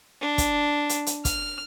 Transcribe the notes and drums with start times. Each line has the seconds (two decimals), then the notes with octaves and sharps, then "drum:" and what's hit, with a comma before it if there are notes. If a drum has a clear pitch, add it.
0.21 D4
0.38 drum: kick, hi-hat
0.89 drum: hi-hat
1.07 drum: hi-hat
1.25 F6, drum: kick, hi-hat